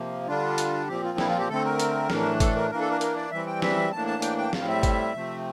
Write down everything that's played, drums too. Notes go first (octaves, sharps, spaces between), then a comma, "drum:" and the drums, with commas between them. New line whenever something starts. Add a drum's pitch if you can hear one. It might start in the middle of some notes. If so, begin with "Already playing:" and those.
Already playing: C3 F3 A#3
D3 G3 D4 F4
drum: hi-hat
A#2 F3 C4 G4
F4
E4, drum: snare
F4
G4
D3 A3 C4 A4
A#4
drum: hi-hat
A2 E3 A3 D4, drum: snare
A4, drum: kick G#1, hi-hat
A#4
E3 A#3 D4 A#4
A4
A#4
A#4, drum: hi-hat
D5
E3 G3 C4 E5
G5
E5, drum: snare
A2 E3 A#3 D4 A5
A5
G5, drum: hi-hat
G5
A2 G3 C4 F5, drum: snare
E5
drum: kick G#1, hi-hat
C3 F3 A3 C4